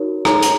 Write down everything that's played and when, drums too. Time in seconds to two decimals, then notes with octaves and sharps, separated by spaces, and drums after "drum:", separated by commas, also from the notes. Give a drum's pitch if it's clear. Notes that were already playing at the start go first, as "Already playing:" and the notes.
Already playing: D#4 F#4 A#4 C#5
0.25 D#4 G#4 C#5 A#5, drum: rim click
0.43 drum: hi-hat